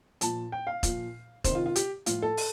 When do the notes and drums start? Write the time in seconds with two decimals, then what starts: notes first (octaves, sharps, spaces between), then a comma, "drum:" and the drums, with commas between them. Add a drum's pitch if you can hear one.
0.21 A#2 F3 A5, drum: hi-hat
0.52 G5
0.67 F5
0.83 A#2 F3, drum: kick E1, hi-hat
1.44 C3 D#3 C5, drum: kick E1, hi-hat
1.55 F4
1.66 F4
1.76 G4, drum: hi-hat
2.06 A2 F3 F4, drum: hi-hat
2.22 A4
2.37 drum: open hi-hat